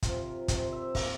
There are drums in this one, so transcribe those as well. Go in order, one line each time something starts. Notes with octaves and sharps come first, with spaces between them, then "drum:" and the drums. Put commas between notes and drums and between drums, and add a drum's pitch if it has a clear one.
C3 F4, drum: kick, hi-hat
A#4
C3 C5, drum: kick, hi-hat
E5
A#3 F5, drum: kick, open hi-hat